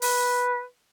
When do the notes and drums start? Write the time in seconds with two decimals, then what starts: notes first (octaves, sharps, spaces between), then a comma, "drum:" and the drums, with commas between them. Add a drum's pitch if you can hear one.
0.02 B4, drum: open hi-hat